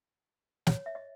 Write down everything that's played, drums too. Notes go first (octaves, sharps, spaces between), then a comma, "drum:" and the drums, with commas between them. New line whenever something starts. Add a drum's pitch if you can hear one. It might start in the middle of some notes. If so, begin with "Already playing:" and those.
C#5, drum: snare
E5
D#5